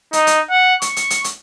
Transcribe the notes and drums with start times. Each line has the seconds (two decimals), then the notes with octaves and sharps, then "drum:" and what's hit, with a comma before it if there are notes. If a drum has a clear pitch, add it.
0.13 D#4, drum: hi-hat
0.27 drum: hi-hat
0.50 F#5
0.82 C#6, drum: hi-hat
0.96 drum: hi-hat
1.10 drum: hi-hat
1.24 drum: hi-hat